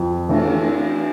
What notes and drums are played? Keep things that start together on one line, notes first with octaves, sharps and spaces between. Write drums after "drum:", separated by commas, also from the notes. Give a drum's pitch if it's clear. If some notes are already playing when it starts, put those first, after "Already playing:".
Already playing: F2
E3 A3, drum: cymbal